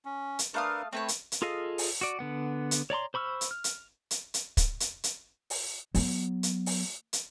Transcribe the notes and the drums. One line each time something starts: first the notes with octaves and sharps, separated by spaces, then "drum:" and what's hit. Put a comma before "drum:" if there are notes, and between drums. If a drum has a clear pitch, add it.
C#4
drum: hi-hat
A3 D4 A#4 B4 F5 D#6
A3 C4 B4 C#5
drum: hi-hat
drum: hi-hat
F4 G#4 A4 D#5 F5
drum: open hi-hat
F#4 D5
D3 B3 F#5
drum: hi-hat
C#5 D5 A#5 C6
C5 B5 C#6 E6 F6
drum: hi-hat
F6
drum: hi-hat
drum: hi-hat
drum: hi-hat
drum: kick, hi-hat
drum: hi-hat
drum: hi-hat
drum: open hi-hat
F#3 B3, drum: open hi-hat
drum: hi-hat
drum: open hi-hat
drum: hi-hat